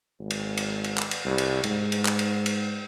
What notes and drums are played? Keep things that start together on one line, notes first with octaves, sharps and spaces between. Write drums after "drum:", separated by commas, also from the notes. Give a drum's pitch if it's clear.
G#1
drum: cymbal
drum: cymbal
drum: cymbal
drum: clap
drum: cymbal
C2
drum: cymbal
G#2, drum: cymbal
drum: cymbal
drum: clap
drum: cymbal
drum: cymbal